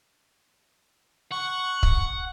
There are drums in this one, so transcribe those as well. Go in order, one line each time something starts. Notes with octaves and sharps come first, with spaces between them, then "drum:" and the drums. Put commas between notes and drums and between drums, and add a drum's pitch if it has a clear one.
F#5 C#6
drum: kick